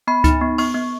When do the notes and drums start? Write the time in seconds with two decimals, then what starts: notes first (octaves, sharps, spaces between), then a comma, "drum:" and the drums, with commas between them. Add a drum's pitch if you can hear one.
0.07 B3 B5
0.24 D#4, drum: kick C#2, hi-hat
0.41 B3
0.58 B3 C#6, drum: open hi-hat
0.75 B3